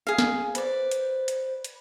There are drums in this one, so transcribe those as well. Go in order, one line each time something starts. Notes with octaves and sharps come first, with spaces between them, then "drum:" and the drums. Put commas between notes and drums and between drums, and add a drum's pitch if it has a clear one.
G#4 F5
drum: snare
B4 C5 D5, drum: hi-hat
drum: hi-hat
drum: hi-hat
drum: hi-hat